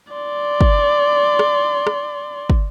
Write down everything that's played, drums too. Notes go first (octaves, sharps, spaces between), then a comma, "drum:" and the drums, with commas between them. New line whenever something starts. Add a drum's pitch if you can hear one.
D5 C6
drum: kick
drum: rim click
drum: rim click
drum: kick